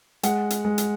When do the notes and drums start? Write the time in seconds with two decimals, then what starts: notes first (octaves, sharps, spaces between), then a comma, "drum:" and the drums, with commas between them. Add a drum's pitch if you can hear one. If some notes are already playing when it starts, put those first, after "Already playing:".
0.23 G#3 F#5, drum: hi-hat
0.50 drum: hi-hat
0.65 G#3
0.78 drum: hi-hat